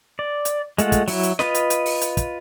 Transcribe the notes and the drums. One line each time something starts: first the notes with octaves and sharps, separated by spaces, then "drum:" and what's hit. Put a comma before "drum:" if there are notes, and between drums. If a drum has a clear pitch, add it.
D5
drum: hi-hat
G#3 A3 F4 F#5, drum: hi-hat
drum: kick, hi-hat
F#3 E4, drum: open hi-hat
drum: hi-hat
F4 B4 D#5, drum: snare
drum: hi-hat
drum: hi-hat
drum: open hi-hat
drum: hi-hat
drum: kick, hi-hat